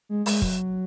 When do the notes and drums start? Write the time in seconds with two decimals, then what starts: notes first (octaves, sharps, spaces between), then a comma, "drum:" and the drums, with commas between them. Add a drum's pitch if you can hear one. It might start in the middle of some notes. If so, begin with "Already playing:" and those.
0.09 G#3
0.26 G#3, drum: open hi-hat
0.42 F#3, drum: kick